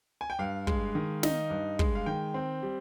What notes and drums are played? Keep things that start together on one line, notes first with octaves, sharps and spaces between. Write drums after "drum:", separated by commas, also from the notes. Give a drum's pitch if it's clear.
G#5
G5
G2 F5
G#3, drum: kick
D#3
D#4, drum: snare
G2
G#3, drum: kick
F5
D#3 G5
C4
G3